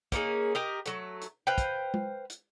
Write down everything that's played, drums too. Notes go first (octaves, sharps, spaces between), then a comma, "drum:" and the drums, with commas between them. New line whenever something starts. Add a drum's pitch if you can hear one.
A#3 C#4 D#4 G#4, drum: kick, hi-hat
G4 A#4 D#5
F#3 A3, drum: hi-hat
drum: hi-hat
B4 C5 F5 G5
drum: kick, hi-hat
drum: tom G#3
drum: hi-hat